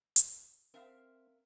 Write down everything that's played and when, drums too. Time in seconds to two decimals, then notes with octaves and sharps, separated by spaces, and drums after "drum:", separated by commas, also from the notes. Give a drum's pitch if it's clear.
0.16 drum: hi-hat
0.74 C4 A#4 E5 F5